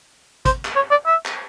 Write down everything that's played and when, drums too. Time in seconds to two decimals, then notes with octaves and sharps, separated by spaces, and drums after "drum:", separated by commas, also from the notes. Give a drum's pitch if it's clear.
0.45 C5, drum: kick, hi-hat
0.65 drum: clap
0.75 C#5
0.91 D5
1.06 E5
1.26 drum: clap